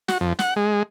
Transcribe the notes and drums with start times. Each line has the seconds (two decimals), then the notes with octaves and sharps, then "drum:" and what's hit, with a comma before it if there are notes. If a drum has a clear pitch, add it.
0.08 F#4, drum: snare
0.21 F2
0.39 F#5, drum: snare
0.56 G#3